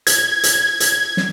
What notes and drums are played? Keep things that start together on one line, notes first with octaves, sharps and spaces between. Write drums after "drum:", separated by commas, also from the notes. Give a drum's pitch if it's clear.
G#6, drum: hi-hat
drum: hi-hat
drum: hi-hat
drum: snare